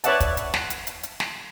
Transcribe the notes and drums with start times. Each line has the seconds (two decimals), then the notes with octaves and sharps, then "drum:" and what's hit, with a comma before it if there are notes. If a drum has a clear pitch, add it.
0.04 B4 C#5 D5 E5 F#5 A5, drum: hi-hat
0.20 drum: kick, hi-hat
0.37 drum: hi-hat
0.54 drum: snare
0.70 drum: hi-hat
0.87 drum: hi-hat
1.03 drum: hi-hat
1.20 drum: snare